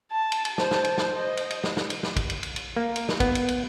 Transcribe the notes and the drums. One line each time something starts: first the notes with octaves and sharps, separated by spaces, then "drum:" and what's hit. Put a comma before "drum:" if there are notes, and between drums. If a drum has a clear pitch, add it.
A5
drum: cymbal
drum: cymbal
C5 A5, drum: snare
drum: snare
drum: cymbal
drum: snare
D#5
drum: cymbal
drum: cymbal
drum: snare
drum: snare
drum: cymbal
drum: snare
drum: kick, cymbal
drum: cymbal
drum: cymbal
drum: cymbal
A#3
drum: cymbal
drum: snare
B3, drum: kick, cymbal
drum: cymbal
drum: cymbal